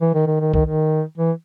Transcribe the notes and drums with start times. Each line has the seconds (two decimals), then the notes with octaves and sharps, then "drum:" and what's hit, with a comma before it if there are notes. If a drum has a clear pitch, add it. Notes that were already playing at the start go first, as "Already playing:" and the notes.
0.01 E3
0.14 D#3
0.27 D#3
0.40 D#3
0.54 D#3, drum: kick C2
0.65 D#3
1.18 E3